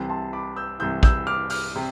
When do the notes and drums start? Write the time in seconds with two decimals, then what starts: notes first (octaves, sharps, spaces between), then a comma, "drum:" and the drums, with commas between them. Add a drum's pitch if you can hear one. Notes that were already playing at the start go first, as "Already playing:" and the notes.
Already playing: C2 C3 E3
0.09 A5 C6
0.33 B5 D6
0.56 E6 G6
0.79 C2 C3 E3 E6 G6
1.03 E6 G6, drum: kick
1.27 D6 F6
1.50 D6 F6, drum: open hi-hat
1.76 C3